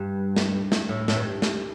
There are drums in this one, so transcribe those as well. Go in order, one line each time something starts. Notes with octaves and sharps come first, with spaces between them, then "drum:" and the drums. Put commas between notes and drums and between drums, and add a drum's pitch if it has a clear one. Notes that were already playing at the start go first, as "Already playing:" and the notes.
Already playing: G2
drum: snare
drum: snare
A2
A2, drum: snare
G2
drum: snare